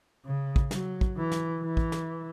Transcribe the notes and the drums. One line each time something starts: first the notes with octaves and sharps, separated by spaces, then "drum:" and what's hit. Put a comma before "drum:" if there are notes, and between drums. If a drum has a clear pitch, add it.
C#3
drum: kick
F#3, drum: snare
drum: kick
E3
drum: snare
E3
drum: kick
drum: snare